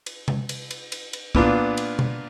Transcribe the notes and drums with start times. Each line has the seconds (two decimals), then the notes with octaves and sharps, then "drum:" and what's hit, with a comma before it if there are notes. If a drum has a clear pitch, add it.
0.06 drum: cymbal
0.28 drum: tom C3
0.49 drum: cymbal
0.71 drum: cymbal
0.92 drum: cymbal
1.13 drum: cymbal
1.35 A#2 B3 D4 F4, drum: kick
1.77 drum: cymbal
1.99 drum: tom B2